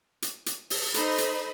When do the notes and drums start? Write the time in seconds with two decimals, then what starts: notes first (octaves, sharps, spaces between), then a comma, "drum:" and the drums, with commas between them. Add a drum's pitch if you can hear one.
0.22 drum: hi-hat
0.46 drum: hi-hat
0.70 drum: open hi-hat
0.94 D#4 A4 C5 D#5 B5, drum: hi-hat
1.18 drum: hi-hat